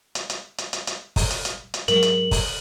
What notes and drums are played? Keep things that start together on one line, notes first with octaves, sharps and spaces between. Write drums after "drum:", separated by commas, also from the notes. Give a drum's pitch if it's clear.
drum: hi-hat
drum: hi-hat
drum: hi-hat
drum: hi-hat
drum: hi-hat
drum: kick, open hi-hat
drum: hi-hat
drum: hi-hat
drum: hi-hat
G#2 F#3 G#3 A#4 F#7, drum: hi-hat
drum: hi-hat
drum: kick, open hi-hat